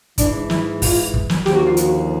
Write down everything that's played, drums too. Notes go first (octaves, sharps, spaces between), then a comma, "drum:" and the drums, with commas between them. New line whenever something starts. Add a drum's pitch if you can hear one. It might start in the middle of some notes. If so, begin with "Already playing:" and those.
E3 D4, drum: kick, hi-hat
G#2
E4, drum: snare
F4, drum: kick, open hi-hat
drum: kick
drum: snare
D#2 D3 F3 G4, drum: snare
F#4
F4
F#4, drum: hi-hat